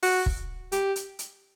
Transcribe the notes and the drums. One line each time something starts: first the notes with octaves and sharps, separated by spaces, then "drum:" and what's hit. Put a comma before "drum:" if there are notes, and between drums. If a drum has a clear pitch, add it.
F#4, drum: open hi-hat
drum: kick
G4, drum: hi-hat
drum: hi-hat
drum: hi-hat